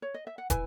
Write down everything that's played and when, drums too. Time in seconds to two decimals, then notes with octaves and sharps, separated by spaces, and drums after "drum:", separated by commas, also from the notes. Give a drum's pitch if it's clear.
0.02 C#5
0.14 D#5
0.27 E5
0.38 F#5
0.50 E4 B4 G#5, drum: kick, hi-hat